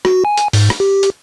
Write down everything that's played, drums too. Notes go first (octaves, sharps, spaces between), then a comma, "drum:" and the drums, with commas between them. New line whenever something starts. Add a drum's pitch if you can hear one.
F#4, drum: rim click
G#5
drum: hi-hat
G#2, drum: open hi-hat
drum: rim click
G4
drum: hi-hat